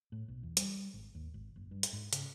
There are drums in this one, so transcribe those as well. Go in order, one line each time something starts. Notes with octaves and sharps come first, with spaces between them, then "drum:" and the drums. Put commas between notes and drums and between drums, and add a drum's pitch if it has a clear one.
A2
B1
E2
G3, drum: hi-hat
G#1
D#2
G#1
F#1
G2
drum: hi-hat
G#2
C#3, drum: hi-hat